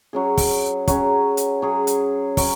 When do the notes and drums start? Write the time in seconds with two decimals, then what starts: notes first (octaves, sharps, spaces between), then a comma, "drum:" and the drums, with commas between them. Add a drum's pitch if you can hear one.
0.13 F#3 C#4 G#4
0.37 drum: kick, open hi-hat
0.88 F#3 C#4 G#4, drum: kick, hi-hat
1.37 drum: hi-hat
1.62 F#3 C#4 G#4
1.87 drum: hi-hat
2.37 F#3 C#4, drum: kick, open hi-hat